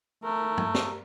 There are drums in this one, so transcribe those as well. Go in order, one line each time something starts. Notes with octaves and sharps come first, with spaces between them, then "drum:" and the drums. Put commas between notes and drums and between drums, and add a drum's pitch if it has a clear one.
A3 A#4
drum: tom
drum: snare